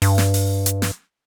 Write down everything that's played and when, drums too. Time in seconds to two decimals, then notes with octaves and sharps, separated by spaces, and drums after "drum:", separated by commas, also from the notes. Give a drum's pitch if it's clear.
0.02 G2, drum: open hi-hat
0.18 drum: snare
0.34 drum: open hi-hat
0.66 drum: hi-hat
0.82 drum: snare